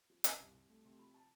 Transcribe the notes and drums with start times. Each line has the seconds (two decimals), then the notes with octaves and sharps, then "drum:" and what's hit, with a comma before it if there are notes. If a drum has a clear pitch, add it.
0.10 F3
0.24 C2, drum: hi-hat
0.39 C2
0.54 C2
0.69 A3
0.84 C3 C6
0.99 F3 B5
1.14 A5